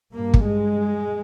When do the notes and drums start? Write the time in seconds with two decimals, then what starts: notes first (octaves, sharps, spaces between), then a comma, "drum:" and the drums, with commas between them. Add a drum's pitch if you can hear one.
0.13 G2 A#3
0.34 drum: kick
0.45 G#3